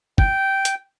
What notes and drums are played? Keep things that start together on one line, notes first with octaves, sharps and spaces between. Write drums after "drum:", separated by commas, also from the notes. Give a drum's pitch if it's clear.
G5, drum: kick
drum: hi-hat